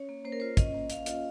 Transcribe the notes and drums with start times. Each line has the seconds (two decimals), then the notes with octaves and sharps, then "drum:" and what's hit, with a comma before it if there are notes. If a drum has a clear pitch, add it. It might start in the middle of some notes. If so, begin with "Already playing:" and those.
Already playing: C#4 C#5
0.09 A#3
0.24 A#3 C5
0.32 A#4
0.40 F4 C5
0.57 C#4 D#5, drum: kick, hi-hat
0.74 A#3
0.90 A#3 F5, drum: hi-hat
1.06 F4, drum: hi-hat